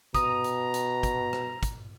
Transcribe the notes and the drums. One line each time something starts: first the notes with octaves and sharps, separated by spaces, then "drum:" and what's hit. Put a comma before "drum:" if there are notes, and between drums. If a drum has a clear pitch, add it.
B2 A#5 D#6, drum: kick, hi-hat
drum: hi-hat
drum: hi-hat
drum: kick, hi-hat
drum: rim click
drum: kick, hi-hat